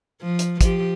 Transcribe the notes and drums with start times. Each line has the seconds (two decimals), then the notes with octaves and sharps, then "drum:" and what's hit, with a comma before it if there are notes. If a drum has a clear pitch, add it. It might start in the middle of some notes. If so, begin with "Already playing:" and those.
0.22 F3
0.39 drum: hi-hat
0.61 F3 G4, drum: kick, hi-hat